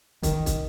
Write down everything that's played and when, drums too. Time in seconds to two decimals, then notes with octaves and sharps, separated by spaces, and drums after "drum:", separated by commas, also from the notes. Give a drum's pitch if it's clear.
0.23 D#3, drum: kick, hi-hat
0.46 drum: kick, hi-hat